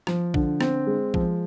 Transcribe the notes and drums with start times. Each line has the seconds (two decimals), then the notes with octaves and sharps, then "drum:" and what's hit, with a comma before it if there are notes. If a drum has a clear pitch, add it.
0.07 F3, drum: rim click
0.34 D3, drum: kick A#1
0.61 C4, drum: rim click
0.87 G#3
1.14 F3, drum: kick A#1